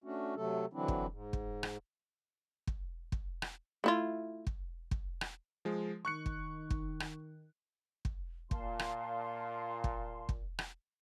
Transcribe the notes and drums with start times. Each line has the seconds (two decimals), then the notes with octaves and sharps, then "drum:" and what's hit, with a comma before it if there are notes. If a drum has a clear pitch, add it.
0.04 A3 C#4 D4 F#4
0.36 C3 F#3 A3 A4
0.73 D3 E3 F#3 C4 D4 E4
0.88 drum: kick
1.12 G#2
1.33 drum: kick
1.63 drum: rim click
2.67 drum: kick
3.12 drum: kick
3.42 drum: rim click
3.84 A3 E4 F4
4.47 drum: kick
4.91 drum: kick
5.21 drum: rim click
5.65 F3 G#3
6.05 D#3 C#6 F#6 C#7
6.26 drum: kick
6.70 drum: kick
7.00 drum: rim click
8.05 drum: kick
8.51 A#2 F5 A5 C6, drum: kick
8.79 drum: rim click
9.84 drum: kick
10.29 drum: kick
10.59 drum: rim click